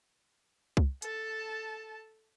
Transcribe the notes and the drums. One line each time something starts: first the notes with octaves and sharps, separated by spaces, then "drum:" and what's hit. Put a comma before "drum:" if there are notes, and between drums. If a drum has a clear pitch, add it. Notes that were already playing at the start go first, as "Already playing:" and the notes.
drum: kick C2
A4 A5, drum: hi-hat